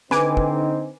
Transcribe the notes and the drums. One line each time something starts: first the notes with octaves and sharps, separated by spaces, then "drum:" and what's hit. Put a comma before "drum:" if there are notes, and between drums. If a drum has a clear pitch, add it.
D3 C4 D#4 B4 G#5 D6, drum: snare
drum: kick